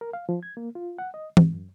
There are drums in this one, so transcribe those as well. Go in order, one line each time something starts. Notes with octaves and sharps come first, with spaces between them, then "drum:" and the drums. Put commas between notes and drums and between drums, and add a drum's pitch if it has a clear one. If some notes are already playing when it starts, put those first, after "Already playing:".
A#4
F5
F3
G#6
A#3
F4
F#5
D#5
G#2, drum: tom E3
F#2